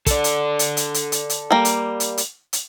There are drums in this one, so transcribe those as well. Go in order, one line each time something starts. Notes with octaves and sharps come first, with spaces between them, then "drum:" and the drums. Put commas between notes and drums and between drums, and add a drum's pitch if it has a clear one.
A4 D5, drum: kick, hi-hat
drum: hi-hat
drum: hi-hat
drum: hi-hat
drum: hi-hat
drum: hi-hat
drum: hi-hat
G3 A#3
drum: hi-hat
drum: hi-hat
drum: hi-hat
drum: hi-hat